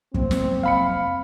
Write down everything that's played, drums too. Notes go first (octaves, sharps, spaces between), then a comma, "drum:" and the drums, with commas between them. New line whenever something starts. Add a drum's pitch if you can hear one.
F1 F#3 A#3 C4, drum: kick
drum: snare
F5 B5 C#7